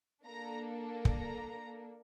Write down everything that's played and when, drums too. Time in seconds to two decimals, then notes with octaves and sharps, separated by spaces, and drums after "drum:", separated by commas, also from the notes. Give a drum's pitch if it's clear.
0.25 A#3 D4 A4 A#5
1.05 A#5, drum: kick